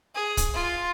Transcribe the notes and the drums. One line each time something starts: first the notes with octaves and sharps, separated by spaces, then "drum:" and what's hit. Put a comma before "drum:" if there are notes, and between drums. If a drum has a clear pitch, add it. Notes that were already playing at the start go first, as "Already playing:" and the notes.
G#4
drum: kick, hi-hat
F4